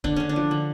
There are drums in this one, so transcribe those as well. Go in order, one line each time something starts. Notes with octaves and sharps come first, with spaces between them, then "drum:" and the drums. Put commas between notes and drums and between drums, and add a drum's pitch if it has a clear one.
D3 D4, drum: kick C#1
D3 C#4
D4
F3
D3